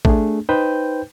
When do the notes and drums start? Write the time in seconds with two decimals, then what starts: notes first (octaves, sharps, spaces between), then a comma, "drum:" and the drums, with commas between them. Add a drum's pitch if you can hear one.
0.05 A3 D4 G#4, drum: kick
0.49 D#4 B4 C5 G5 G6